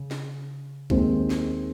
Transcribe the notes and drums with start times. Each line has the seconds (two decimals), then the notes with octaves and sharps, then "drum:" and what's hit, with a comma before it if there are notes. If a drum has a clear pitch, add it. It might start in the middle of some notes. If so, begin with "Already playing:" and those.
Already playing: C#3
0.11 drum: snare
0.90 D#2 D#3 G#3 C4, drum: kick A#1
1.30 drum: snare